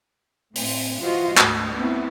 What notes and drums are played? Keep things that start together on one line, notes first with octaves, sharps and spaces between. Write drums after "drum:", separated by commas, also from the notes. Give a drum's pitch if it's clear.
A2 C4, drum: open hi-hat
E3 F4 F#4 C5 D#5
D2 G#2, drum: clap
B3 C4 E4